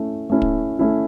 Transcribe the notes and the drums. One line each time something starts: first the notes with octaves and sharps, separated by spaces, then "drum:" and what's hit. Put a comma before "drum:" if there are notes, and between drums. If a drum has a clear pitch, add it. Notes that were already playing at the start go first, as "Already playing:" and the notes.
Already playing: A3 C#4 E4
A3 C#4 E4
drum: kick
A3 C#4 E4